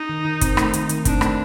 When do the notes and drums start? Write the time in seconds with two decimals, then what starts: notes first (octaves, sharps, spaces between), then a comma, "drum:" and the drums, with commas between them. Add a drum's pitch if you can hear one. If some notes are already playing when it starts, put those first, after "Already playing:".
Already playing: D#4
0.09 D#3
0.25 D#3
0.41 C4, drum: kick, hi-hat
0.57 A3, drum: rim click
0.73 D#3, drum: hi-hat
0.89 D#3, drum: hi-hat
1.05 C4 D4, drum: kick, hi-hat
1.21 A3, drum: rim click